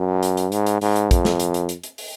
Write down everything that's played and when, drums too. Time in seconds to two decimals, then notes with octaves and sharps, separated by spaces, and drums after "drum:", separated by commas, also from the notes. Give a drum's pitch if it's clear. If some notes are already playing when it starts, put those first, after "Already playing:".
Already playing: F#2
0.23 drum: hi-hat
0.37 drum: hi-hat
0.52 G#2, drum: hi-hat
0.67 drum: hi-hat
0.81 G#2, drum: open hi-hat
0.96 drum: hi-hat
1.11 F2, drum: kick, hi-hat
1.25 drum: snare
1.40 drum: hi-hat
1.54 drum: hi-hat
1.69 drum: hi-hat
1.84 drum: hi-hat
1.98 drum: open hi-hat